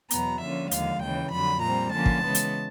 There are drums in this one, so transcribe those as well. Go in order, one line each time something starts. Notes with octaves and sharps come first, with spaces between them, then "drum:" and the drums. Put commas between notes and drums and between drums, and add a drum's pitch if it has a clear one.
E2 B2 F#3 B3 A#5, drum: hi-hat
D3 F3 A#3 C#4 E5
D#2 D3 F3 G#3 F5, drum: hi-hat
D#2 C#3 E3 G5
F2 D3 F#3 B5
A#2 G3 C4 A#5
D3 F3 A#3 C#4 A5
drum: kick
C#3 E3 G#3 B3
drum: hi-hat